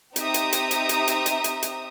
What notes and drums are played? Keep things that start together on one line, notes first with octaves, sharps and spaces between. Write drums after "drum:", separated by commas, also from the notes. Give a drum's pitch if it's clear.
C4 D#4 G4 E5 A#5 D#6, drum: hi-hat
drum: hi-hat
drum: hi-hat
drum: hi-hat
drum: hi-hat
drum: hi-hat
drum: hi-hat
drum: hi-hat
drum: hi-hat